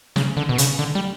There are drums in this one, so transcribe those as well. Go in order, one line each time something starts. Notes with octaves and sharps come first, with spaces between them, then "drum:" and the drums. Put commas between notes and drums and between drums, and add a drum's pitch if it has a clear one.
C#3, drum: snare
D3
B2
C#3, drum: hi-hat
D3
G3